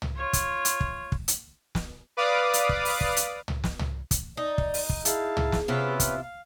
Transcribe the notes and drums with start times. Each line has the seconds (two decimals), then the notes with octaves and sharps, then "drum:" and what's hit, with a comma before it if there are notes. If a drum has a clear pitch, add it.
0.02 drum: tom
0.16 F4 C#5
0.33 drum: kick, hi-hat
0.65 drum: hi-hat
0.81 drum: kick
1.12 drum: kick
1.28 drum: hi-hat
1.75 drum: snare
2.17 B4 D5 F5 D6 D#6
2.54 drum: hi-hat
2.69 drum: kick
2.85 drum: open hi-hat
3.01 drum: kick
3.16 drum: hi-hat
3.48 drum: tom
3.64 drum: snare
3.79 drum: tom
4.11 drum: kick, hi-hat
4.37 D#4 D5
4.58 drum: kick
4.74 drum: open hi-hat
4.89 drum: kick
5.05 E4 G#4 F5 A5, drum: hi-hat
5.37 drum: tom
5.52 drum: snare
5.68 C3 B3 C#4 E4 F4 B4
6.00 drum: kick, hi-hat
6.22 F5